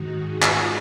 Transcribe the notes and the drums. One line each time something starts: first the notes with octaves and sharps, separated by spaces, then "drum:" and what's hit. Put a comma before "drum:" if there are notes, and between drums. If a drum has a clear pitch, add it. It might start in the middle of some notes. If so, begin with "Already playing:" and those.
Already playing: G#2 D#3 D#4 F#4
G#4
F4, drum: clap